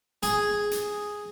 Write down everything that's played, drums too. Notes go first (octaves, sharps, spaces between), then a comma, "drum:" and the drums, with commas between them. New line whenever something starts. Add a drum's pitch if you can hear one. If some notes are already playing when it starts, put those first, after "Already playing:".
G#4, drum: hi-hat
drum: hi-hat